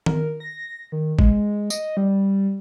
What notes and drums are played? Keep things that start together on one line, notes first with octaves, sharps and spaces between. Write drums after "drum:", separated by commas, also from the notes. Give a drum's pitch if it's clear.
A#4, drum: tom D#3
A#6
D#3
G#3, drum: kick
D#5, drum: tambourine
G3